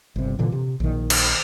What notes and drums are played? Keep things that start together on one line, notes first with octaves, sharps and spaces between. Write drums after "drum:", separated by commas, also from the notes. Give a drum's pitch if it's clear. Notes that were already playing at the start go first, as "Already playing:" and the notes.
G1 C3
A#2 D3 E3
C3
A#1 D#3
drum: cymbal